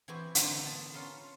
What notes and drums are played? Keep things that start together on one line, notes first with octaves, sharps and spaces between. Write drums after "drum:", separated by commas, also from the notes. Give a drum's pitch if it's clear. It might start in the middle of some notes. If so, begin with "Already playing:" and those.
E3 C4 F#4 G4 B4
D3 A#3 C4, drum: hi-hat
B3 A5
C#4 F4 A#4 B4 C6